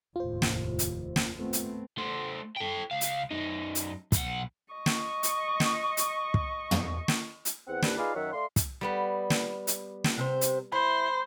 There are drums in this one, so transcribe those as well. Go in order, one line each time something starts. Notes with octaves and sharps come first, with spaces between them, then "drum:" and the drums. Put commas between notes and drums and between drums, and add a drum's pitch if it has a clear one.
F1 D#2 A2 F4 C5
drum: snare
drum: hi-hat
drum: snare
A3 B3 C4
drum: hi-hat
A3 C5
A4 G5
C#2 F5
drum: hi-hat
F#2 D#4
drum: hi-hat
B1 F#5, drum: kick, hi-hat
D#5 C#6
drum: snare
drum: hi-hat
drum: snare
drum: hi-hat
drum: kick
drum: tom
drum: snare
drum: hi-hat
E2 C4 F#5
C2 G2 B4, drum: snare
D#4 F4 G#4 B4 D5 F5
F#2 D#3 F#3 C#5 E5 F#5
A3 D5 F5 C6
drum: kick, hi-hat
G3 B3 B4
drum: snare
drum: hi-hat
drum: snare
C3 A4 C5
drum: hi-hat
E4 C5 B5